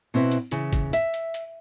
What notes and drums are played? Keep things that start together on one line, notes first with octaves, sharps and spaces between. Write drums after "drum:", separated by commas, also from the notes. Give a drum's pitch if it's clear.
B2 C4 E4 B4
drum: hi-hat
C#3 E3, drum: hi-hat
drum: kick, hi-hat
E5, drum: hi-hat
drum: hi-hat
drum: hi-hat